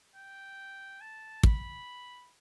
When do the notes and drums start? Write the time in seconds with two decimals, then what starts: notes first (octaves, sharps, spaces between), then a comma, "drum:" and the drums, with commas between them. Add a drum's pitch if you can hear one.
0.16 G5
1.01 A5
1.43 B5, drum: kick